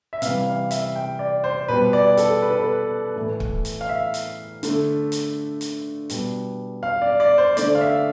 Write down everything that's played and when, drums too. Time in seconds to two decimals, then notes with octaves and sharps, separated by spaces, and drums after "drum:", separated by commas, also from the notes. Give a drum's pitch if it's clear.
0.13 E5
0.22 C3 E3 G3 F5, drum: hi-hat
0.46 F5
0.71 E5, drum: hi-hat
0.96 G5
1.19 D5
1.44 C5
1.68 B2 G3 B4
1.93 D5
2.17 A4, drum: hi-hat
2.42 B4
2.51 A4
2.59 B4
3.16 A2 E3 A3
3.40 drum: kick
3.65 drum: hi-hat
3.81 F5
3.89 E5
4.14 drum: hi-hat
4.63 D3 A3, drum: hi-hat
5.12 drum: hi-hat
5.61 drum: hi-hat
6.10 B2 G3, drum: hi-hat
6.83 F5
7.02 D5
7.20 D5
7.38 C5
7.57 D3 A3 D5, drum: hi-hat
7.75 F5
7.81 E5